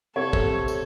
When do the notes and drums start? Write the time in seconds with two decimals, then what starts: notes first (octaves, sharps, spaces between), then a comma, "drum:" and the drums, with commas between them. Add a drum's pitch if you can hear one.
0.16 C3 A4 C#5
0.33 drum: kick
0.68 drum: tambourine